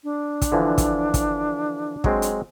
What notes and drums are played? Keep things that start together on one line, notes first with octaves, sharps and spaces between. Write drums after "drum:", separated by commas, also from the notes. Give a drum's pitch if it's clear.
D4
drum: kick, hi-hat
D3 E3 F3
drum: kick, hi-hat
drum: kick, hi-hat
F#3 G#3 C4, drum: kick
drum: hi-hat